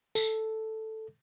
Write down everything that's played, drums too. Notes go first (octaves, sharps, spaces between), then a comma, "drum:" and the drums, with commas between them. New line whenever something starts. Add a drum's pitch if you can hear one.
A4, drum: tambourine